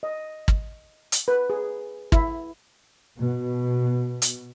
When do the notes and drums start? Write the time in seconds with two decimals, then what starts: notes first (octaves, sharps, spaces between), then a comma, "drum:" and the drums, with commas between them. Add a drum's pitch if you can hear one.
0.03 D#5
0.48 drum: kick
1.12 drum: hi-hat
1.28 B4
1.50 G#4
2.12 E4, drum: kick
3.19 B2
4.22 drum: hi-hat